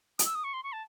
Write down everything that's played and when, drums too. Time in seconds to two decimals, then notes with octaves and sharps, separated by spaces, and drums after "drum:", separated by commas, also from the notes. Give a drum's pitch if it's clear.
0.19 D#6, drum: hi-hat
0.25 E6
0.35 D#6
0.44 C#6
0.53 C6
0.63 C#6
0.72 A5